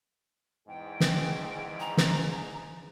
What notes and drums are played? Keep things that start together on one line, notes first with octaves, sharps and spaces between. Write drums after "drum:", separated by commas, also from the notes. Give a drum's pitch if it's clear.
E2 G#2 G#4 G5
drum: snare
A#5
drum: snare